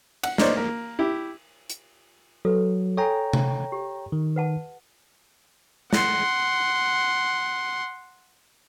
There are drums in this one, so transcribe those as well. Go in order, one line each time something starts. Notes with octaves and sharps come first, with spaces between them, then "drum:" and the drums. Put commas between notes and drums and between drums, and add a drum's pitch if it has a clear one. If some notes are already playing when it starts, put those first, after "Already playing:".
F#5, drum: cymbal
A#3 D4 D#4 C5 C#5, drum: snare
A#3
E4 G4
drum: hi-hat
F#3 A4 B4
A4 C#5 G5 G#5 A#5
drum: tom C3
G4
D#3
B4 F#5 A5
F#5 C6, drum: snare